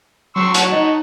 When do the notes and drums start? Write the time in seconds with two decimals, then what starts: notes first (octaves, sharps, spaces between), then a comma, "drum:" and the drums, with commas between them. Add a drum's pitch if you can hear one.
0.36 F#3 C6 C#6 E6
0.54 C#5 F#5 A5, drum: hi-hat
0.72 D#4